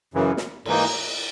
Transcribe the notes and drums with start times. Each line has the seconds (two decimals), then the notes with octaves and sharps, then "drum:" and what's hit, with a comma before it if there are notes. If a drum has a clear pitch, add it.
0.14 F#2 C#3 E3
0.37 drum: snare
0.65 G#2 E3 A#3 D#4, drum: cymbal